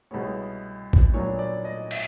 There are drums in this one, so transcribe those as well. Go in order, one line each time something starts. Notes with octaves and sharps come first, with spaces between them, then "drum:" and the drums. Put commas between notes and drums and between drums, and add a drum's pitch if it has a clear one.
C2 B2 G#3 B3 C#5
drum: kick A1
A#2 F#3 B3 D4 C#5
D5
D#5
E5, drum: cymbal